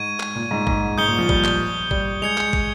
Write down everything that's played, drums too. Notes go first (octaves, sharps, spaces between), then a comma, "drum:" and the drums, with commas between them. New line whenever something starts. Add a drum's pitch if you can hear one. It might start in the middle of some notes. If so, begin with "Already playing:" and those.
Already playing: G#2 C#6 G#6 D#7
drum: clap
A#2
G#2
G#2, drum: kick
G#2 D#6 G6 C#7 G7
A#2
F3
G3, drum: kick
drum: clap
G3, drum: kick
G#3 G#6 C#7 F7
drum: clap
drum: kick